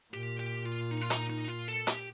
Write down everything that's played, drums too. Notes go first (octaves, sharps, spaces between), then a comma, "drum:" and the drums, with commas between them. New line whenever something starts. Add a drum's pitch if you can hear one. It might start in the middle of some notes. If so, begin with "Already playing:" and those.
A#2 G4
G4
F4
D#4
F4
D#4, drum: hi-hat
D#4
F4
A4
G4, drum: hi-hat